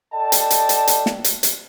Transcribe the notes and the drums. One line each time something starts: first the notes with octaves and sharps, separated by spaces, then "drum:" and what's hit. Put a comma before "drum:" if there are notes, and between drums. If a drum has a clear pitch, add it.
A4 D5 D#5 G5 A5
drum: hi-hat
drum: hi-hat
drum: hi-hat
drum: hi-hat
drum: snare
drum: hi-hat
drum: hi-hat